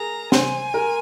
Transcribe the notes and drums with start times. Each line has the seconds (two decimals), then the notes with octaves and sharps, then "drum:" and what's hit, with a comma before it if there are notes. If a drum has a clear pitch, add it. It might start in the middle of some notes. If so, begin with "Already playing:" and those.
Already playing: G#4 A#4 A#5
0.32 C5 G#5, drum: snare
0.74 A#4